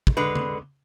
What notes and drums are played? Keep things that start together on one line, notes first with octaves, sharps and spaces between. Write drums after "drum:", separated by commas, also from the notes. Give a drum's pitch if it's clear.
drum: kick
D3 G#3 B4
drum: tom C#3